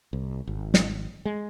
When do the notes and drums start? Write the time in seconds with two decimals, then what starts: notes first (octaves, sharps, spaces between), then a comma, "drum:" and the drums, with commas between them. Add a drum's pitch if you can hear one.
0.13 C2
0.47 G#1
0.74 drum: snare
1.25 G#3